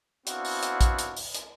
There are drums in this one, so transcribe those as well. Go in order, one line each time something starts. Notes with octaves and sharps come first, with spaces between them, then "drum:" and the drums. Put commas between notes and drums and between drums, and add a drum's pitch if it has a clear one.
B3 C4 D4 E4 F#4 F5, drum: hi-hat
drum: open hi-hat
drum: hi-hat
drum: kick A#1, hi-hat
drum: hi-hat
drum: open hi-hat
drum: hi-hat